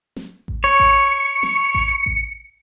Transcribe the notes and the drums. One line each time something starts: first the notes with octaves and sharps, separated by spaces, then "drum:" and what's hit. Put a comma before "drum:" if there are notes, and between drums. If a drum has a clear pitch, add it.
drum: snare
drum: kick A1
C#5 C#7
drum: kick A1
drum: snare
drum: kick A1
drum: kick A1